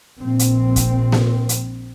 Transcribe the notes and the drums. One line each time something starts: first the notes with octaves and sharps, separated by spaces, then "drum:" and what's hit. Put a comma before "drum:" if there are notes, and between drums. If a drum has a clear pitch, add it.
A#1 C4
drum: hi-hat
drum: kick, hi-hat
drum: snare A#3
drum: hi-hat